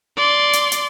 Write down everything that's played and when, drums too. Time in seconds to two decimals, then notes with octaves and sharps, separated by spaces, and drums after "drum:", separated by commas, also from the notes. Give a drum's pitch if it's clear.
0.17 D5 C6
0.53 drum: hi-hat
0.72 drum: hi-hat